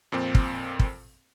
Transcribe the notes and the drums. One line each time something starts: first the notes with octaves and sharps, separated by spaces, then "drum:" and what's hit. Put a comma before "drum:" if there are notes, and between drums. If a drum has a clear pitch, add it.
F2 A#2 C4
drum: kick
drum: kick